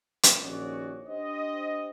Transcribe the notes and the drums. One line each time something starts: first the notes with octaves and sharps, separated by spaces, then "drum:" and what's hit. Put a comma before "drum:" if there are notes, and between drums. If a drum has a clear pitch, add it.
drum: hi-hat
A#1 D#3 C#4 F#4 D5 D#5
D4 G4 C5 D#5